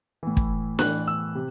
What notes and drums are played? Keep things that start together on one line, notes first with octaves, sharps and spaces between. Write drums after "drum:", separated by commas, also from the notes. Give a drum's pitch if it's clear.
A2 E3
drum: kick
A2 E3 F#6, drum: snare
E6
C3